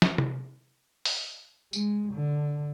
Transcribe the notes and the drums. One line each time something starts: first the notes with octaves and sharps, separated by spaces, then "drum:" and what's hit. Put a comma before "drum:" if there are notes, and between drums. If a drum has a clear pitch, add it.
drum: snare
drum: tom C3
drum: open hi-hat
G#3, drum: tambourine
D3